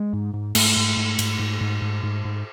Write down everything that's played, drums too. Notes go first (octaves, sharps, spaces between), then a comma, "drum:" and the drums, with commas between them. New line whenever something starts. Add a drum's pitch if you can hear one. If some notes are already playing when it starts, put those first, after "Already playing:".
Already playing: G#3
G#2
G#2
G#2 A3, drum: cymbal
G#2
G#2
G#2, drum: cymbal
G#2
G#2
G#2
G#2
G#2